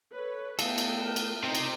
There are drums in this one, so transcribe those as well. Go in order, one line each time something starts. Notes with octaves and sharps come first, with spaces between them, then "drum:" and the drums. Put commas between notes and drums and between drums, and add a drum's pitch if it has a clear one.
A4 B4 C#5
A3 B3 G#4 A4 B4 F5 G5, drum: cymbal
drum: cymbal
A#4
drum: cymbal
C3 C4 D#4
drum: cymbal